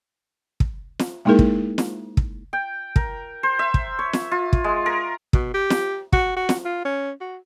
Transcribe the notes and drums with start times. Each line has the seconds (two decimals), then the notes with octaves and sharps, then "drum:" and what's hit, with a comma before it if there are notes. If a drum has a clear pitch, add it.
0.60 drum: kick
0.99 drum: snare
1.25 G#3 A#3 D#4 E4 G#4 A#4
1.39 drum: kick
1.78 drum: snare
2.17 drum: kick
2.53 G5
2.96 A#4, drum: kick
3.43 C5
3.59 E5
3.74 drum: kick
3.99 C#5
4.13 drum: snare
4.31 F4
4.53 drum: kick
4.64 G#3
4.86 A#4
5.33 B2, drum: kick
5.54 G4
5.70 drum: snare
6.13 F#4, drum: kick
6.36 F#4
6.49 drum: snare
6.65 F4
6.85 C#4
7.21 F#4